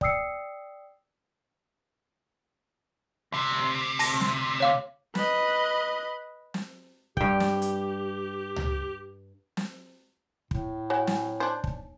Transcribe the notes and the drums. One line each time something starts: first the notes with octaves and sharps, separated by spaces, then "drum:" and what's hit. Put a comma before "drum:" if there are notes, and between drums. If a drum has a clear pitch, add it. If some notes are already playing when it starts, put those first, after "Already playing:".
D5 G5 D#6 E6 C7 C#7, drum: kick
D2 C3
A5 A#6, drum: open hi-hat
drum: snare
C#5 F5 D6
B4 D#5, drum: snare
drum: snare
G2 G4 G5, drum: kick
drum: snare
drum: hi-hat
drum: tom C#2
drum: snare
A2, drum: kick
F#3 C#5 G#5
drum: snare
D4 D#4 C5
drum: kick